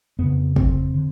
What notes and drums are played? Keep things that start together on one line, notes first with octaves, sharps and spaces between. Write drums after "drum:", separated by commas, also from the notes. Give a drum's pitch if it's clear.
F2 C#3 B3
C4, drum: kick
D3